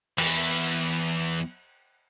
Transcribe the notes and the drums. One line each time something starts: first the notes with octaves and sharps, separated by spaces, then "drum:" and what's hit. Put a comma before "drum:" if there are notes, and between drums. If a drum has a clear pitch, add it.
E2 E3, drum: cymbal